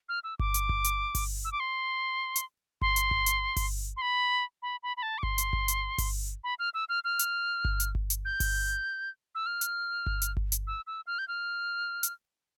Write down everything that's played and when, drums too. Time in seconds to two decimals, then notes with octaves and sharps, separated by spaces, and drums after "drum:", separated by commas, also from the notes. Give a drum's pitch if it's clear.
0.09 F6
0.24 E6
0.39 D6, drum: kick G1
0.54 drum: hi-hat
0.69 drum: kick G1
0.84 drum: hi-hat
1.15 drum: kick G1, open hi-hat
1.45 E6
1.52 D6
1.60 C6
2.36 drum: hi-hat
2.82 C6, drum: kick G1
2.96 drum: hi-hat
3.11 drum: kick G1
3.26 drum: hi-hat
3.56 drum: kick G1, open hi-hat
3.97 C6
4.02 B5
4.62 B5
4.83 B5
4.97 B5
5.03 A5
5.18 D6
5.23 C6, drum: kick G1
5.38 drum: hi-hat
5.53 drum: kick G1
5.68 drum: hi-hat
5.98 drum: kick G1, open hi-hat
6.44 B5
6.59 F6
6.74 E6
6.89 F6
7.04 F6
7.19 drum: hi-hat
7.65 drum: kick G1
7.80 drum: hi-hat
7.95 drum: kick G1
8.10 drum: hi-hat
8.25 G6
8.40 drum: kick G1, open hi-hat
9.35 E6
9.46 F6
9.61 drum: hi-hat
10.06 drum: kick G1
10.22 drum: hi-hat
10.37 drum: kick G1
10.52 drum: hi-hat
10.67 E6
10.87 E6
11.07 F6
11.19 G6
11.28 F6
12.03 drum: hi-hat